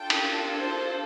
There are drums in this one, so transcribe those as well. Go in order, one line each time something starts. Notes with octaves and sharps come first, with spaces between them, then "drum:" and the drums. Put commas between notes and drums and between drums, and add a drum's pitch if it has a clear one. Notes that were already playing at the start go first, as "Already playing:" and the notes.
Already playing: D4 F4 A4 G5
drum: cymbal
C5